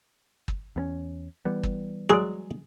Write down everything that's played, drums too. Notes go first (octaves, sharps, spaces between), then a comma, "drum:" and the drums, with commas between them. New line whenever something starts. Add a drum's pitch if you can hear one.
drum: kick
E2 B3 C#4
E3 G3 B3
drum: kick
F#3 G#3 G#4 D5